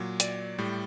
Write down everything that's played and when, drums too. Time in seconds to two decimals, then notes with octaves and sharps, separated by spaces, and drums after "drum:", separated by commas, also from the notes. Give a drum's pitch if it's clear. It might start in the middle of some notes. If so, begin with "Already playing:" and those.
Already playing: A#2 F#3
0.20 D5, drum: hi-hat
0.58 A2 G3